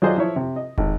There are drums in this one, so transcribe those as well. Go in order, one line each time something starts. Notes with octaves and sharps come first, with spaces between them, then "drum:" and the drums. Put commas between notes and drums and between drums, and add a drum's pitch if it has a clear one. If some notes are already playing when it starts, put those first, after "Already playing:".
F#3 F4 G#4 C5 D5 D#5
F3 E4 C#5
C3
D#5
G#1, drum: kick